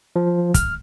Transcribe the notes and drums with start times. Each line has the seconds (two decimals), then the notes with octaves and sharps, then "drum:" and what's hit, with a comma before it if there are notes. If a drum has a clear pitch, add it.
0.16 F3
0.54 F6, drum: kick, hi-hat